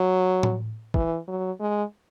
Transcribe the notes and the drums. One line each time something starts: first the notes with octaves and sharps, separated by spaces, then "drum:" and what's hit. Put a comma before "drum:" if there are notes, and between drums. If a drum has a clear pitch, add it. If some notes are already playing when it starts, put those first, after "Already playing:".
Already playing: F#3
drum: tom A2
E3, drum: kick
F#3
G#3